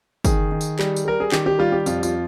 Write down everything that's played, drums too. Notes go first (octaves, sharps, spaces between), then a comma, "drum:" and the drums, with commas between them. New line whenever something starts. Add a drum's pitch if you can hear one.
D#3 G#4, drum: kick, tambourine
D#3
drum: tambourine
G3, drum: clap
drum: tambourine
G3 A#4
G#4
D#3 G4, drum: clap
G4
G3 F4
G4
F2 F4, drum: tambourine
F4, drum: tambourine